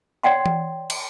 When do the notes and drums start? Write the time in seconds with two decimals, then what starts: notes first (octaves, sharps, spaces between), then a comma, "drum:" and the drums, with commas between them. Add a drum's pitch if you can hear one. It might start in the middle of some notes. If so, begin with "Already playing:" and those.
0.23 C#5 D5 F#5 G5 C6
0.46 drum: tom E3
0.90 drum: cymbal